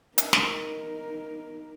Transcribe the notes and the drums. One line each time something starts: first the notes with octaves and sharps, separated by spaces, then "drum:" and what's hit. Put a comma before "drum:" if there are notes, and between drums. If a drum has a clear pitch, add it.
D#4 A#4, drum: hi-hat
drum: snare